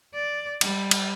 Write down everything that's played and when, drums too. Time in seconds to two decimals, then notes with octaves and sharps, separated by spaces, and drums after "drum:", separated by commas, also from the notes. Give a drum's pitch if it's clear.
0.14 D5
0.61 G3, drum: cymbal
0.91 drum: cymbal